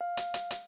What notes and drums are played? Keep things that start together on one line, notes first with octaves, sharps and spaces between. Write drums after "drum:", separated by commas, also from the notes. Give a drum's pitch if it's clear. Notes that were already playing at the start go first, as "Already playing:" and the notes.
F5
drum: hi-hat
drum: hi-hat
drum: hi-hat